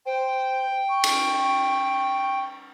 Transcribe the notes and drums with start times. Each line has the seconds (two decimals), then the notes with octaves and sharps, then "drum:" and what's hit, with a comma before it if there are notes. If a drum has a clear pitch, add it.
0.06 C5 G5
0.89 C#6
1.04 drum: cymbal